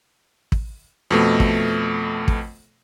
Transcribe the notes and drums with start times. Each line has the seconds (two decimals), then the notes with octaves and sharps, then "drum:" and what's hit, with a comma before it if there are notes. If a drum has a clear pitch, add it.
0.52 drum: kick
1.11 F2 B2 A3
1.40 drum: kick
2.28 drum: kick